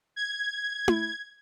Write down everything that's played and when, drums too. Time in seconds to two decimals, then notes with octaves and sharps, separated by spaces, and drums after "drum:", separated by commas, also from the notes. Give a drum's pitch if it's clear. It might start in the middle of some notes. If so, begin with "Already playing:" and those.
0.16 G#6
0.88 drum: tom E4